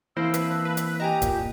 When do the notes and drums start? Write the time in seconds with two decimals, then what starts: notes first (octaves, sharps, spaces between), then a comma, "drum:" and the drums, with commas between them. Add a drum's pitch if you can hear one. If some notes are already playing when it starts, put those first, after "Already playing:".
0.17 E3 A#3 C4 E4 C5 F5 A5 E6
0.34 B4, drum: hi-hat
0.65 B4
0.77 drum: hi-hat
1.00 G4 D#5 G5 G#5 A#5
1.22 A#2, drum: kick, hi-hat